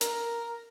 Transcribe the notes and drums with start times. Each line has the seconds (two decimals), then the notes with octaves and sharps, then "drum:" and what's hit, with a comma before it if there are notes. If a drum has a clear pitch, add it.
0.01 A#4, drum: hi-hat